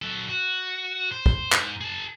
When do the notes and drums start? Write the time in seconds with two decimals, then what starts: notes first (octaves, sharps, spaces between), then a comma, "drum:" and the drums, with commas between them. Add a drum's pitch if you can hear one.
0.02 F#3 A4
0.29 F#4
1.12 C5
1.26 drum: kick
1.52 G#2, drum: clap
1.81 G#4 A5